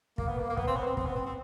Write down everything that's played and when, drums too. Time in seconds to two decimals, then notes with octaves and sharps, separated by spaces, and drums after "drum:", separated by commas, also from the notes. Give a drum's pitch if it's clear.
0.18 A#3, drum: kick
0.28 B3
0.39 A#3
0.50 A#3
0.57 B3, drum: kick
0.67 C4
0.76 B3
0.87 C4
0.97 C4, drum: kick
1.06 B3
1.15 C4
1.26 C4